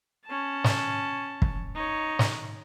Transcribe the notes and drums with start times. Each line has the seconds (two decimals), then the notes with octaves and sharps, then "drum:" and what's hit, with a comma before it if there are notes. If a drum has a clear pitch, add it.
0.26 C#4 A5
0.64 drum: snare
1.42 drum: kick
1.75 D#4 C#5
2.19 drum: snare